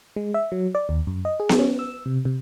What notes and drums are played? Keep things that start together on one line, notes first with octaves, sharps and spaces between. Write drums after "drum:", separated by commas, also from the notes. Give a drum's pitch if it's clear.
G#3
E5
F#3
D5
D#2
F#2
D#5
G#4
drum: snare B3
C#4
E6
C3
C3